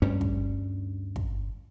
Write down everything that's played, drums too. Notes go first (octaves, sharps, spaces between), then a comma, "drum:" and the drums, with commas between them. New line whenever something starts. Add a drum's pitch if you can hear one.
D2 G2 G3 C#4
drum: kick
drum: kick